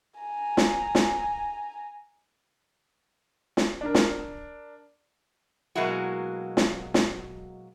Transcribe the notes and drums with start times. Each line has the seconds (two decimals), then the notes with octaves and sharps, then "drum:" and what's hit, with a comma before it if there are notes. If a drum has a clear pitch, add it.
0.20 G#5 A#5
0.57 drum: snare
0.95 drum: snare
3.57 drum: snare
3.81 D4 A#4
3.95 drum: snare
5.75 B2 F#3 G#3 A#3 E4 F#4
6.57 drum: snare
6.94 drum: snare